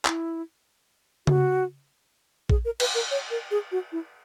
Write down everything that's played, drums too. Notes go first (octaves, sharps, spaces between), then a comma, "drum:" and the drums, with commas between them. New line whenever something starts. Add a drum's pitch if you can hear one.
E4, drum: clap
F#4, drum: tom C#3
G#4, drum: kick A#1
A#4
B4, drum: cymbal
A#4
C#5
A#4
G#4
F#4
E4